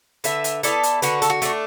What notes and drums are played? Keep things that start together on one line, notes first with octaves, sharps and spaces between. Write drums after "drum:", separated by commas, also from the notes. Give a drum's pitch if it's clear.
D3 B4 E5, drum: hi-hat
drum: hi-hat
B3 E4 A4 D5, drum: hi-hat
drum: hi-hat
D3 F#4 B4, drum: hi-hat
A4, drum: hi-hat
F#4
A3 D4, drum: hi-hat